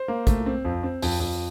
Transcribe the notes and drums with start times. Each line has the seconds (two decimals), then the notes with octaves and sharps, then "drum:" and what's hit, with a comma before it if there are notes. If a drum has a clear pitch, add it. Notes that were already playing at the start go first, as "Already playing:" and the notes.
Already playing: C5
0.08 A#3
0.27 A3, drum: kick, hi-hat
0.46 C4
0.65 F2
0.83 C4
1.02 F2, drum: open hi-hat
1.20 F2